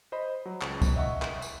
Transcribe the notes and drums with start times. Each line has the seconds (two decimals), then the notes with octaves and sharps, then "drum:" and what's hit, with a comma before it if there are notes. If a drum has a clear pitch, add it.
0.12 C5 D#5 B5
0.46 F#3
0.61 C#2, drum: clap
0.82 drum: kick, tambourine
0.96 D#5 E5 F#5 C#6
1.22 drum: clap
1.42 drum: tambourine